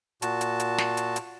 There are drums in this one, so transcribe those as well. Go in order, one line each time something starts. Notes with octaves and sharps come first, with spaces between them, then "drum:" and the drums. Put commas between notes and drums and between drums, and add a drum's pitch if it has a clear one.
A#2 F#4 A5, drum: hi-hat
drum: hi-hat
drum: hi-hat
drum: snare
drum: hi-hat
drum: hi-hat